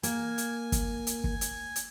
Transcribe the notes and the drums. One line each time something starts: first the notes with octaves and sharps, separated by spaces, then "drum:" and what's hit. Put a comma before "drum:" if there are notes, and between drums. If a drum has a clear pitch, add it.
A#3 G#5, drum: hi-hat
drum: hi-hat
drum: kick, hi-hat
drum: hi-hat
drum: kick
drum: hi-hat
drum: hi-hat